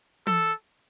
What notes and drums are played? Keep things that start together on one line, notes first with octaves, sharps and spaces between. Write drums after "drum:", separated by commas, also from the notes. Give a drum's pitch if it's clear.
A4, drum: tom